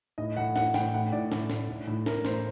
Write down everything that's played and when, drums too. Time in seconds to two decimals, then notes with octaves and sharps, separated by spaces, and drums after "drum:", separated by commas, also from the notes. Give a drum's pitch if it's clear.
0.18 A2 D#5
0.37 A2 F#5
0.56 A2 F#5, drum: snare
0.74 A2 G5, drum: snare
0.94 A2 F#5
1.12 A2 D5
1.32 A2, drum: snare
1.50 A2, drum: snare
1.69 A2
1.87 A2
2.06 A2 A#4, drum: snare
2.25 A2 C5, drum: snare